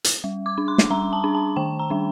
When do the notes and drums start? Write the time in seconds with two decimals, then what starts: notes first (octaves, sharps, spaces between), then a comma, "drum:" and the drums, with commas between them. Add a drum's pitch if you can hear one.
0.04 drum: hi-hat
0.24 G3
0.46 D6
0.58 D4
0.68 C6
0.78 drum: snare
0.90 G3 A#5
1.13 A5
1.24 D4
1.35 A5
1.56 D#3 G5
1.79 A#5
1.90 G3 D4